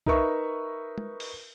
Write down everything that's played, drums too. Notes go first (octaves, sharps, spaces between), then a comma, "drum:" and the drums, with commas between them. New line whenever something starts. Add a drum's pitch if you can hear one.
D#4 A#4 B4 E5 C#6, drum: kick
drum: tom
drum: open hi-hat